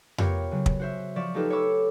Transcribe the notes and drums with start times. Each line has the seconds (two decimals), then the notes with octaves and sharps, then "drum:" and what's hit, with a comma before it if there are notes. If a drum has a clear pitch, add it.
0.18 B3 F4 G4 A#4 C#5, drum: tom F2
0.51 C#3 F#3
0.66 drum: kick
0.80 F#4 C5 E5
1.16 F3 D5 C#6 B6 E7
1.34 A3 D#4 F4 G4 A4 B4
1.50 C#5 B5 C#6 D6 E6